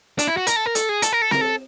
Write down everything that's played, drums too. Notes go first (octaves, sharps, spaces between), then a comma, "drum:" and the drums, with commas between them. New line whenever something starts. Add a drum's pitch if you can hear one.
D4, drum: hi-hat
E4
F#4
A#4, drum: hi-hat
A4
A#4
A4, drum: hi-hat
G#4
A4, drum: hi-hat
A#4
A4
A#4, drum: snare C4
A4